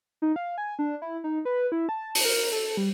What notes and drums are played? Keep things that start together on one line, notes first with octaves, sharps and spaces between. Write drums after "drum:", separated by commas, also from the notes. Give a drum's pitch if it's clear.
D#4
F5
G#5
D4
E4
D#4
B4
E4
A5
drum: open hi-hat
A#4
A4
G3